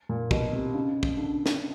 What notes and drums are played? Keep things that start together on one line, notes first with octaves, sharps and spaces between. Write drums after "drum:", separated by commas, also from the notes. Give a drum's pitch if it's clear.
A#2
B2, drum: kick
C3
C#3
drum: kick
D3
drum: snare